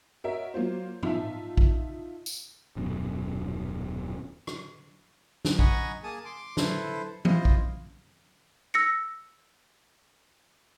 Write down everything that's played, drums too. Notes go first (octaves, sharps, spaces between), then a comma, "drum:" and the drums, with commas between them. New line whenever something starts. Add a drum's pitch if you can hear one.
F#4 A#4 C#5 D#5 E5
F#3 A#3 F4 C5
D#4 F4 E5 A5, drum: tom G#2
drum: kick A#1
drum: tambourine
D#1 F#2 B2
drum: rim click
drum: snare
D#5 F#5 G#5 A#5 B5 C#6, drum: kick A#1
A#3 G#4 G#5 A5 D#6
C6 D6
E4 A4 B4 C5, drum: snare
E4 F4 C5 D#5, drum: tom E3
drum: kick A#1
E6 A#6 C#7